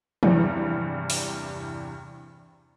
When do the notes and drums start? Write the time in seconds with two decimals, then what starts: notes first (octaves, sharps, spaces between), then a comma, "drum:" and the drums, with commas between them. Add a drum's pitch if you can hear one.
0.23 E2 G2 C3 E3 G3, drum: tom E3
1.10 drum: open hi-hat